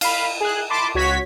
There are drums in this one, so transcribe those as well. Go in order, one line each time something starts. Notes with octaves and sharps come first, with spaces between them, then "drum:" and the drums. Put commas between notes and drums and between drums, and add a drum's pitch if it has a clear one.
F5 B5, drum: cymbal
G#4 F#6
A5 B5 C6 D6
C#2 F#4 C#5 G#6 B6